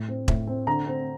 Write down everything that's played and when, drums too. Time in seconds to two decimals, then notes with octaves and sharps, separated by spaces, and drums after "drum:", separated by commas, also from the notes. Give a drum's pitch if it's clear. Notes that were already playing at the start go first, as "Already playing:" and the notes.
Already playing: A2
0.08 C4
0.28 A2, drum: kick E1
0.47 C4
0.67 D3 A#5
0.87 C4